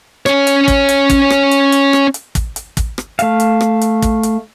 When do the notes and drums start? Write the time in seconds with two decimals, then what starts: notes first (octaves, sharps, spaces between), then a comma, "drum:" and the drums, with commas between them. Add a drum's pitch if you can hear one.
0.26 C#4 C#5, drum: rim click
0.47 drum: hi-hat
0.68 drum: kick, hi-hat
0.89 drum: hi-hat
1.10 drum: kick, hi-hat
1.30 drum: rim click
1.51 drum: hi-hat
1.72 drum: hi-hat
1.93 drum: rim click
2.14 drum: hi-hat
2.35 drum: kick, hi-hat
2.56 drum: hi-hat
2.77 drum: kick, hi-hat
2.98 drum: rim click
3.19 A3 F5, drum: hi-hat
3.40 drum: hi-hat
3.61 drum: rim click
3.81 drum: hi-hat
4.02 drum: kick, hi-hat
4.23 drum: hi-hat